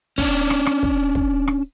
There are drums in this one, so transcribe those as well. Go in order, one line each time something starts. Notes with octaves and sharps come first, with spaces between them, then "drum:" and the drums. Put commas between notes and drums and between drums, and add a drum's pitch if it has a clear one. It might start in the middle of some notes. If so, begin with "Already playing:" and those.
C#4 D4, drum: kick
drum: rim click
drum: rim click
drum: kick
drum: kick
drum: rim click